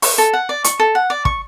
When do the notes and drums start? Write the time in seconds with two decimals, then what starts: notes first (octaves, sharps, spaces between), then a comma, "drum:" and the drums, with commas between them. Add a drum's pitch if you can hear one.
0.02 C#6, drum: open hi-hat
0.18 A4
0.33 F#5
0.49 D5
0.64 C#6, drum: hi-hat
0.79 A4
0.95 F#5
1.10 D5
1.25 C#6, drum: kick